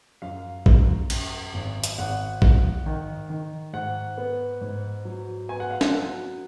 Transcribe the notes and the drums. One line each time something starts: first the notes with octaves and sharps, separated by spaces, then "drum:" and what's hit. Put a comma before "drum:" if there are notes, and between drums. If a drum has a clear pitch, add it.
F#2 F5
F#2, drum: kick
F#2, drum: cymbal
G#1
drum: hi-hat
G#1 F#5
G#1, drum: kick
D#3
D#3
G#2 F#5
B3
G#2
F#3
B3 G#5
F#5
F5
F#5, drum: snare C#4
F#3